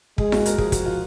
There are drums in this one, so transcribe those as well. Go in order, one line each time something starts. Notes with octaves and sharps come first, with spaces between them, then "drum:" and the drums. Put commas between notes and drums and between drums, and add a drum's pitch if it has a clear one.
G#3 G#4, drum: kick
F#4, drum: snare E4
A#4, drum: hi-hat
F3 G#4, drum: kick
F#4, drum: kick, hi-hat
F4